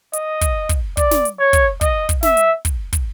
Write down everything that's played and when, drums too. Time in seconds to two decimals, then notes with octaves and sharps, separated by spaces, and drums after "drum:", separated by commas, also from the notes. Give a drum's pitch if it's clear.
0.13 D#5, drum: hi-hat
0.41 drum: kick, hi-hat
0.69 drum: kick, hi-hat
0.97 D5, drum: kick, hi-hat
1.11 drum: snare
1.25 drum: hi-hat
1.39 C#5
1.53 drum: kick, hi-hat
1.81 D#5, drum: kick, hi-hat
2.09 drum: kick, hi-hat
2.23 E5, drum: snare
2.37 drum: hi-hat
2.65 drum: kick, hi-hat
2.93 drum: kick, hi-hat